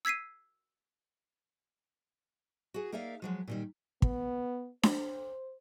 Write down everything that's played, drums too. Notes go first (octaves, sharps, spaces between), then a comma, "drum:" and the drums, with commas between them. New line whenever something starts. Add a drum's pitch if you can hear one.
E6 G#6 B6 C7 D#7
F#4 G#4
A#3 D#4 A#4 D5 E5 F5
F3 F#3 G#3
A#2 D#3 G3
B3, drum: kick
C5, drum: snare D4